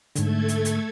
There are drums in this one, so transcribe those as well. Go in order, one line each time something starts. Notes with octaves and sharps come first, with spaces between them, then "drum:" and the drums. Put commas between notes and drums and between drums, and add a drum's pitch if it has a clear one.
G#2 D3 A3 A4 G#6, drum: hi-hat
drum: hi-hat
drum: hi-hat